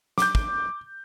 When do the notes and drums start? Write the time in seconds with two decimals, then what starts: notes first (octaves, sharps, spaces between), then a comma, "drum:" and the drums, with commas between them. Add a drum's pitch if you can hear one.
0.18 D6 G6, drum: snare
0.35 drum: kick